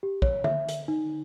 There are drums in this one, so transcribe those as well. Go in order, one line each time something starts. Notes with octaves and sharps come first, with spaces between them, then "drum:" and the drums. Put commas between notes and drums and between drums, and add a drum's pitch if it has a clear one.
G4
C#5, drum: kick
E5, drum: tom D3
drum: hi-hat
D#4